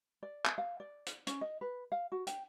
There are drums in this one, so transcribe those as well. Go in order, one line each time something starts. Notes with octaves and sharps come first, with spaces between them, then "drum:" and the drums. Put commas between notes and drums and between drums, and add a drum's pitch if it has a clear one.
D5
drum: clap
F5
D5
drum: hi-hat
C#4, drum: hi-hat
D#5
B4
F5
F#4
G5, drum: hi-hat